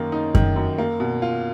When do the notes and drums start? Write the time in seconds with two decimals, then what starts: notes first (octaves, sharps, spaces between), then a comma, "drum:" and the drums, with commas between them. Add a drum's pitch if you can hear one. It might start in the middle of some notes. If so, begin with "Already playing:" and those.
Already playing: F#2 D#3 A#3
0.12 D#4
0.35 D#3, drum: kick F#2
0.56 F#2
0.78 A#3
1.00 B2
1.22 F4